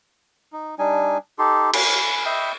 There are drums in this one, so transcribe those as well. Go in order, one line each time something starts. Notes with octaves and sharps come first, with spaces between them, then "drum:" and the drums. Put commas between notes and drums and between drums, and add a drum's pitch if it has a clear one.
D#4
G3 D4 D#4 G#5
D#4 G4 A4 C6
G#5 B5, drum: cymbal
D#5 E5 G5 B5